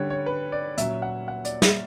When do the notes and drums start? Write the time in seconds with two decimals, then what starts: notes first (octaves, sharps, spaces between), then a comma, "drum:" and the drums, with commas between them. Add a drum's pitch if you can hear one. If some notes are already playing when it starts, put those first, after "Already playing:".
Already playing: D3 G3 C#4 C#5
0.10 C#5
0.26 B4
0.52 D5
0.78 A#2 F#3 C#4 E5, drum: hi-hat
1.02 F#5
1.28 F#5
1.45 D5, drum: hi-hat
1.62 E5, drum: snare